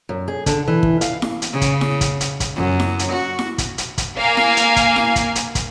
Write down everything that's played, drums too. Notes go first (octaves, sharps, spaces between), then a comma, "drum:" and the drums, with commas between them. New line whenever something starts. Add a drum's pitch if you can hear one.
F#2
G#4
D3, drum: kick, hi-hat
E3
drum: kick
F5, drum: hi-hat
drum: snare E4
drum: hi-hat
C#3
drum: kick, hi-hat
drum: snare E4
drum: kick, hi-hat
drum: hi-hat
drum: kick, hi-hat
F#2
drum: snare E4
drum: hi-hat
F#4
drum: snare E4
drum: kick, hi-hat
drum: hi-hat
drum: kick, hi-hat
A#3 F5 G#5
drum: snare E4
drum: hi-hat
drum: kick, hi-hat
drum: snare E4
drum: kick, hi-hat
drum: hi-hat
drum: kick, hi-hat